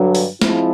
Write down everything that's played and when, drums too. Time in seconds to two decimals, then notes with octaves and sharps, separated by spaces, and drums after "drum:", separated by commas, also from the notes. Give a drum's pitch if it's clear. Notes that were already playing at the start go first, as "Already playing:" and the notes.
Already playing: G2 D3 F#3
0.15 drum: open hi-hat
0.42 F3 G#3 C4 E4, drum: snare